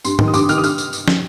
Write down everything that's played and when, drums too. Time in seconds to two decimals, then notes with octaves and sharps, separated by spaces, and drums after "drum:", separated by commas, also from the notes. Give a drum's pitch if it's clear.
0.05 G2 C6, drum: tambourine
0.19 D#3, drum: tom
0.28 D#6
0.34 G2 D6, drum: tambourine
0.49 D#3 F6, drum: tambourine
0.58 D#6
0.64 F6, drum: tambourine
0.78 drum: tambourine
0.93 drum: tambourine
1.08 drum: snare